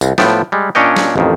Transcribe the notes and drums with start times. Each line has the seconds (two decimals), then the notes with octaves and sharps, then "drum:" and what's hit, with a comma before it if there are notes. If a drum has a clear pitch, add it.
0.01 C2, drum: tambourine
0.18 A2 F3 B3 G5 A5, drum: snare
0.52 G3 G#3
0.75 A#2 C#4 D4 C#5 D#5 G5
0.96 drum: snare
1.16 A1 F2 D#3